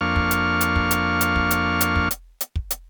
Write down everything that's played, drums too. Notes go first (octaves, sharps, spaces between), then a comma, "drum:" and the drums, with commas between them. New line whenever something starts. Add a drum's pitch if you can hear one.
F2 A#3 D4 F5 C#6 F6
drum: kick
drum: hi-hat
drum: hi-hat
drum: kick
drum: hi-hat
drum: hi-hat
drum: kick
drum: hi-hat
drum: hi-hat
drum: kick
drum: hi-hat
drum: hi-hat
drum: kick
drum: hi-hat